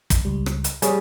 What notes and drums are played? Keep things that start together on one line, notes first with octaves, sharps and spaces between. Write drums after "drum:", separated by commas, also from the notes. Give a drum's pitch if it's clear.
drum: kick, hi-hat
C#2 G3
drum: rim click
drum: hi-hat
G3 G#4 C#5 G#5, drum: hi-hat